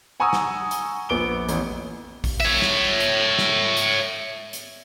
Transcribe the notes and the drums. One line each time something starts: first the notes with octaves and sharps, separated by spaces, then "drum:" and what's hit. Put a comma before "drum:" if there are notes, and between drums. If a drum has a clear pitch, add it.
F#5 G#5 A#5 C#6 D#6 E6
drum: snare
drum: hi-hat
A#1 B3 D6 D7 G7
A1, drum: hi-hat
drum: kick A#1, open hi-hat
C#5 E5
drum: snare
drum: hi-hat
drum: snare
drum: hi-hat
drum: hi-hat